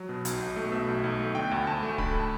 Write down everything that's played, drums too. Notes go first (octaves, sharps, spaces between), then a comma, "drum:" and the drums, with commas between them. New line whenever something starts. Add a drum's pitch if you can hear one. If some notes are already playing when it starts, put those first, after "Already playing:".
Already playing: F#3
B2
B1, drum: hi-hat
B1
A3
B2 E5
B1
B1
A3
D3 G5
D2
D2 A5
A3
D3 B5, drum: kick D1
A5